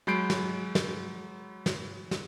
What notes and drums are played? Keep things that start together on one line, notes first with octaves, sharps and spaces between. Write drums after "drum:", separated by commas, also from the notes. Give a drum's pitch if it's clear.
F#3 G#3 B5 G6 C7 D7
drum: snare
drum: snare
drum: snare
drum: snare